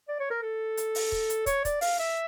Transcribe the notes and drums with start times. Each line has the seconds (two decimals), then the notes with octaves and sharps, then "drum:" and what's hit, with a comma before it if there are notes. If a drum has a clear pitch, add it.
0.08 D5
0.20 C#5
0.30 A#4
0.42 A4
0.77 drum: hi-hat
0.95 drum: open hi-hat
1.12 drum: kick
1.30 drum: hi-hat
1.46 C#5, drum: kick, hi-hat
1.65 D5, drum: kick, hi-hat
1.81 F5, drum: open hi-hat
1.99 E5